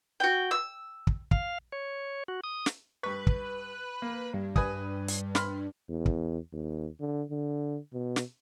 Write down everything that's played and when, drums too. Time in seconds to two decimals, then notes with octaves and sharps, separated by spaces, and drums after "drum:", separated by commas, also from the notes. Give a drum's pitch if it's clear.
0.20 F#4 G5
0.51 E6
1.07 drum: kick
1.31 F5, drum: kick
1.72 C#5
2.28 F#4
2.44 D#6
2.66 drum: snare
3.03 G2 B4 C#6
3.27 drum: kick
4.02 A#3
4.34 G2
4.56 B4 G#5 D#6, drum: kick
5.08 drum: hi-hat
5.35 B5 C6 F6, drum: snare
5.89 E2
6.06 drum: kick
6.52 D#2
7.00 D3
7.30 D3
7.93 B2
8.16 drum: snare